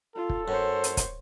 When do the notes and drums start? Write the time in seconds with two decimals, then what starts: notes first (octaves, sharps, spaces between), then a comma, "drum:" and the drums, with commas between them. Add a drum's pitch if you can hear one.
0.16 F4 A4
0.30 drum: kick
0.48 F#2 C5 C#5
0.84 drum: hi-hat
0.97 drum: kick, hi-hat